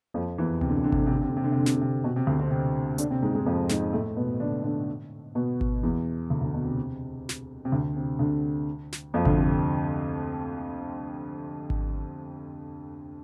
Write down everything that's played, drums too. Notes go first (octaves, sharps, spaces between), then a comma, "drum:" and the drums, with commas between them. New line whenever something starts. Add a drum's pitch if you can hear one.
F2 F3
E2 E3
C3, drum: tom C#2
D3
C3
D3
C3, drum: kick G#1
D3
C3
D3
C3
D3
C3
D3
C3
D3
C3, drum: snare
D3
C3
B2
C3
D2 D3
C3 C4
C3 C4
D3 D4, drum: hi-hat
C3 C4
G#2 G#3
G#2 G#3
F2 F3
G#2 G#3, drum: snare
A2 A3
B2 B3
D3 D4
D3 D4
B2 B3
drum: kick G#1
E2 E3
D2 D3
D2 D3
B2
C3
drum: snare
C3
D2 D3
C3
D2 D3
drum: snare
F2 F3
D2 D3, drum: kick G#1
C3
drum: kick G#1